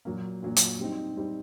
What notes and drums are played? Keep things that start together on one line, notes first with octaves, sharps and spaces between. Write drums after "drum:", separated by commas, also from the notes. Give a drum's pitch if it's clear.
A#2 F#3 A#3
A#2 F#3 A#3
drum: hi-hat
G3 C4 D#4
G3 C4 D#4